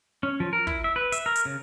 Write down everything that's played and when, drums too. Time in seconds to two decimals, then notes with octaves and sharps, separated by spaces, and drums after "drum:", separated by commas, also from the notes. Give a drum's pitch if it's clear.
0.23 C#4
0.40 F3
0.53 A#4
0.67 E4, drum: kick
0.84 E5
0.96 B4
1.12 E5, drum: hi-hat
1.26 A#4
1.36 drum: hi-hat
1.45 C#3